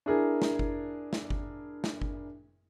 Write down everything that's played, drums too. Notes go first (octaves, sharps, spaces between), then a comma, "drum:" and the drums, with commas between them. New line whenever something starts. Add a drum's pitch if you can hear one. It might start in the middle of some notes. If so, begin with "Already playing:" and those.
D4 E4 G#4 A#4
drum: snare
drum: kick G1
drum: snare
drum: kick G1
drum: snare
drum: kick G1